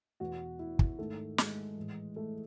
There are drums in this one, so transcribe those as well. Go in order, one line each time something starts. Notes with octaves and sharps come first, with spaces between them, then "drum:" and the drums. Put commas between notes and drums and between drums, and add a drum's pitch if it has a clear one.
E2 B2 F#4
E4
drum: kick
G#2 D#3 A3
G#3, drum: snare
A2 E3
A3